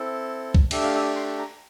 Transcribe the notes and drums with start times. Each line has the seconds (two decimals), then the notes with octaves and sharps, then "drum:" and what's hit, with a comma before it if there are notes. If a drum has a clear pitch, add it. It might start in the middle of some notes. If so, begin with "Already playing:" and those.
Already playing: C4 E4 A4
0.54 drum: kick C2
0.71 A3 D4 G4 E5, drum: cymbal
0.83 F5
0.94 E5
1.16 C6
1.38 A#5